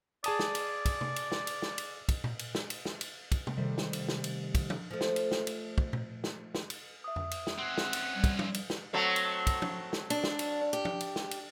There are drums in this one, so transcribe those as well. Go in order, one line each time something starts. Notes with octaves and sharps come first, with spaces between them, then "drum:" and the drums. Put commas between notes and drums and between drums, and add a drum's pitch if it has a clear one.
G#4 D5 A5 D#6, drum: cymbal
drum: snare
drum: cymbal
drum: kick, cymbal
drum: tom C3
drum: cymbal
drum: snare
drum: cymbal
drum: snare
drum: cymbal
drum: kick, cymbal
drum: tom A#2
drum: cymbal
drum: snare
drum: cymbal
drum: snare
drum: cymbal
drum: kick, cymbal
drum: tom C3
C3 D#3 G3 A3
drum: snare
drum: cymbal
drum: snare
drum: cymbal
drum: kick, cymbal
drum: tom
F3 A3
drum: snare
drum: cymbal
drum: snare
drum: cymbal
drum: kick
drum: tom A#2
drum: snare
drum: snare
drum: cymbal
E5 D#6
drum: tom F2
drum: cymbal
drum: snare
C4 C#4 F#5
drum: snare
drum: cymbal
G3
drum: kick, cymbal
drum: tom
drum: cymbal
drum: snare
F#3 A3 C4
drum: cymbal
drum: kick, cymbal
drum: tom
drum: snare
D4, drum: cymbal
drum: snare
drum: cymbal
G4
drum: tom
drum: cymbal
drum: snare
drum: cymbal